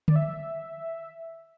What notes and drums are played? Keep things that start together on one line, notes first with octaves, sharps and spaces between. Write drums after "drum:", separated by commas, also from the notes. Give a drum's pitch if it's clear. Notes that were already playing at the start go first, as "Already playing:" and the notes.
D5, drum: tom D3
E5